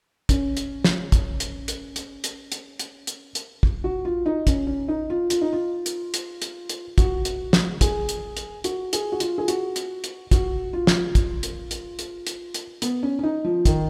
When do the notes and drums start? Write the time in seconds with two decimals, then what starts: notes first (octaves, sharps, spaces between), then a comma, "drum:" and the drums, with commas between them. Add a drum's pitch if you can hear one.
0.29 C#4, drum: kick, hi-hat
0.57 drum: hi-hat
0.84 drum: snare
1.12 drum: kick, hi-hat
1.40 drum: hi-hat
1.68 drum: hi-hat
1.96 drum: hi-hat
2.24 drum: hi-hat
2.52 drum: hi-hat
2.79 drum: hi-hat
3.07 drum: hi-hat
3.35 drum: hi-hat
3.63 drum: kick
3.84 F#4
4.05 F4
4.26 D#4
4.47 C#4, drum: kick, hi-hat
4.67 C#4
4.88 D#4
5.10 F4
5.30 F4, drum: hi-hat
5.41 D#4
5.53 F4
5.86 drum: hi-hat
6.14 drum: hi-hat
6.42 drum: hi-hat
6.69 drum: hi-hat
6.98 F#4, drum: kick, hi-hat
7.25 drum: hi-hat
7.53 drum: snare
7.81 G#4, drum: kick, hi-hat
8.09 drum: hi-hat
8.37 drum: hi-hat
8.64 F#4, drum: hi-hat
8.93 G#4, drum: hi-hat
9.12 F#4
9.20 F4, drum: hi-hat
9.38 G#4
9.48 F#4, drum: hi-hat
9.76 drum: hi-hat
10.04 drum: hi-hat
10.31 F#4, drum: kick, hi-hat
10.73 F4
10.87 drum: snare
11.15 drum: kick, hi-hat
11.43 drum: hi-hat
11.71 drum: hi-hat
11.99 drum: hi-hat
12.27 drum: hi-hat
12.54 drum: hi-hat
12.82 B3, drum: hi-hat
13.03 C#4
13.19 C#4
13.23 D#4
13.45 F3
13.65 D#3, drum: kick, hi-hat